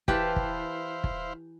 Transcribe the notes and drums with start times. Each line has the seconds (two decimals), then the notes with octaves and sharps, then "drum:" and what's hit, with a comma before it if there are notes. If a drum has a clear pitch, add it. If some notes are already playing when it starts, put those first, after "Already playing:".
0.08 E3 E4 G4 B4 C5 F5 A5, drum: kick
0.36 drum: kick
1.04 drum: kick